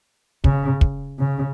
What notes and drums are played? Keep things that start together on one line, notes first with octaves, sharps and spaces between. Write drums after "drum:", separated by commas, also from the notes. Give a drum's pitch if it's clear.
C#3, drum: kick
drum: kick
C#3